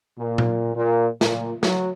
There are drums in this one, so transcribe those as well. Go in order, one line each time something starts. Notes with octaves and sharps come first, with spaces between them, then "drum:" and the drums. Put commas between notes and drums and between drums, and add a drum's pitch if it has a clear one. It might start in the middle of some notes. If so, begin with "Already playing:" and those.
A#2
drum: tom A#2
A#2
A#2, drum: snare
F#3, drum: snare